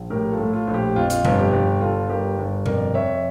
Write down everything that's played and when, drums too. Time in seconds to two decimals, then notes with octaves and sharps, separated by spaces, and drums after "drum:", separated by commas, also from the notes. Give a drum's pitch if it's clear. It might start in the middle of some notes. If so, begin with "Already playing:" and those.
Already playing: A#1
0.10 A2 G4 A#4
0.32 F4 A4
0.39 A2
0.53 F4 A4
0.67 A#1
0.74 G4
0.96 F2 F4
1.10 F4, drum: hi-hat
1.25 G1, drum: tom B2
1.39 G4
1.52 G1
1.81 G1 F4 A4
2.09 G1 G4 A#4
2.38 G1
2.66 F2 A#4 D5, drum: tom B2
2.94 F2 C#5 E5